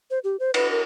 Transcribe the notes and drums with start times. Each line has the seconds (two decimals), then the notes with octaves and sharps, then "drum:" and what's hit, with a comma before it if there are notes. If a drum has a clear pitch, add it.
0.11 C5
0.24 G4
0.40 C5
0.54 B4, drum: cymbal
0.71 A#4